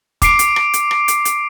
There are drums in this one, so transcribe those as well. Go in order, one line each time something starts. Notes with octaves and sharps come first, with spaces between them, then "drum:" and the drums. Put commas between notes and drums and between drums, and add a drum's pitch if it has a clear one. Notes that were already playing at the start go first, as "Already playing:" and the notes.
D6 C7 D7, drum: kick, hi-hat
drum: hi-hat
drum: rim click
drum: hi-hat
drum: rim click
drum: hi-hat
drum: hi-hat